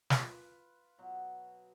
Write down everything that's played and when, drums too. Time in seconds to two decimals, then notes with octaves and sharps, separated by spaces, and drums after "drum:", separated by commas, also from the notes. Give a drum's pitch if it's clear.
0.10 F4 B4, drum: snare
0.98 B2 F#3